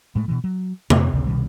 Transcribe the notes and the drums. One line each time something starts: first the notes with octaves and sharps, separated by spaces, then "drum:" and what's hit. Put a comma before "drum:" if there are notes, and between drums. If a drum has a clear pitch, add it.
A2 G#3 A3
B2 D3 E3
F#3
F2, drum: tom C3
A1 D2 C#3
C2 B2 D#3 G3